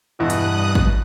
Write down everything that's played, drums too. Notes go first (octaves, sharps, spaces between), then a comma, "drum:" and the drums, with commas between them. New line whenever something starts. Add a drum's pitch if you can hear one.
E2 G2 B2 E3 D#6 F#6
drum: hi-hat
drum: kick